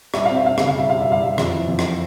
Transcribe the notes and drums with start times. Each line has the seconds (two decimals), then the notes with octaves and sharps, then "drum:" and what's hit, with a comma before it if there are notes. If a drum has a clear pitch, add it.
0.14 G3 E5, drum: rim click
0.25 C4 F5
0.35 E5
0.45 C4 F5
0.58 C#3 E5, drum: rim click
0.68 F5
0.75 G3 E5
0.90 G3 F5
1.01 E5
1.07 G3 F5
1.22 G3 E5
1.38 F2, drum: rim click
1.52 E3
1.68 F2
1.79 drum: rim click